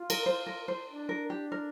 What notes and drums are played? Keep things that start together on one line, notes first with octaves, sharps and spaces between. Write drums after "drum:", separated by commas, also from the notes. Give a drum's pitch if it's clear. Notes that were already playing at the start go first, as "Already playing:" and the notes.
Already playing: F4
A#4, drum: cymbal
C5
A#4
C5
D4
A#4
G4
A#4